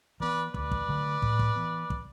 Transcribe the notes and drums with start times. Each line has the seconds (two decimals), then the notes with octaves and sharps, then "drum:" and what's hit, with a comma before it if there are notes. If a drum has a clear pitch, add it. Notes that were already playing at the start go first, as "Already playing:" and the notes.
0.20 E3 B3 B4 D5
0.54 D2 B4 D5, drum: kick
0.71 drum: kick
0.88 D3 F#3 A3
1.22 A2, drum: kick
1.39 drum: kick
1.56 E3 B3
1.90 drum: kick